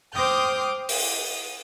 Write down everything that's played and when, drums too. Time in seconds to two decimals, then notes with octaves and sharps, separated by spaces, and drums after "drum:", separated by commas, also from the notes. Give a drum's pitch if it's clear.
0.13 C5 G5 D6 D#6 F6 G6
0.89 D#6, drum: open hi-hat